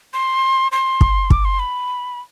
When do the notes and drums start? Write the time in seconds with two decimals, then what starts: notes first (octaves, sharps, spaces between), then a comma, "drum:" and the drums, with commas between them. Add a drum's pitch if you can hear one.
0.13 C6
0.72 C6
1.01 drum: kick
1.30 D6, drum: kick
1.45 C6
1.59 B5